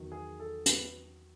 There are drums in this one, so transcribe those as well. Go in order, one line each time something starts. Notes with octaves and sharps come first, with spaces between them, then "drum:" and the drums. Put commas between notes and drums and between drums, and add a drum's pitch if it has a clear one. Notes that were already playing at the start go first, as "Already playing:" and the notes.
Already playing: E2 D#3 F#3
G#4
A4
B4, drum: hi-hat